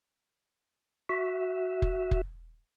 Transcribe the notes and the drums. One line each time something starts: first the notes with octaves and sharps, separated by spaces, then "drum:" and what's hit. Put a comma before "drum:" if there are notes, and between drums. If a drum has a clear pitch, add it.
F#4 E5
drum: kick F1
drum: kick F1